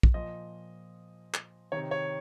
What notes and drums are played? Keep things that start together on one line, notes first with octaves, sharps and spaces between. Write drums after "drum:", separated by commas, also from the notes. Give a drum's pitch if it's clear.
drum: kick
A#2 F3 D#5
drum: clap
C3 D#3 C#5
C#5